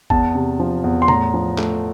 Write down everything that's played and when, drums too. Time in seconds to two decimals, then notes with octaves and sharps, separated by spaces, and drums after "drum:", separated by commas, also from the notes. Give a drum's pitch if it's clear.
0.10 E2 A5, drum: kick
0.35 C3
0.60 F3
0.84 E2
1.02 C6
1.08 A2 A#5, drum: tom
1.34 F3
1.58 A3, drum: clap